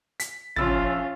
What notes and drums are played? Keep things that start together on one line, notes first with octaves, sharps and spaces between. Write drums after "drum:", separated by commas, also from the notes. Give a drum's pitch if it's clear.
B6, drum: hi-hat
A#1 C#4 F4 E6 A6, drum: tom